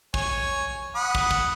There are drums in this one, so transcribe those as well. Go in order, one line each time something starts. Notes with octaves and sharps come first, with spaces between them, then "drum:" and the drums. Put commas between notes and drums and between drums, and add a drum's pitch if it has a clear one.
C#5 G#5, drum: kick
F#5 B5 D#6
drum: kick
drum: kick